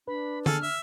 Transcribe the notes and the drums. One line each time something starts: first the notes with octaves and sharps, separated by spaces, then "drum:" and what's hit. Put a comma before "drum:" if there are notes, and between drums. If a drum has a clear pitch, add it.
D4 B4 B5
G#4 A4 F6, drum: tom D3
E5 E6